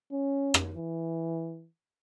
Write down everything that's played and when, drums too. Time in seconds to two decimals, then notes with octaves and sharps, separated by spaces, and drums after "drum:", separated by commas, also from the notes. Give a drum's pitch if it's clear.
0.11 C#4
0.54 drum: rim click
0.75 E3